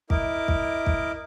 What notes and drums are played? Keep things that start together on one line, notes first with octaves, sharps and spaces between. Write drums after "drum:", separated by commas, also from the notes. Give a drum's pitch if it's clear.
E4 A#4 D#5 D6, drum: kick
drum: kick
drum: kick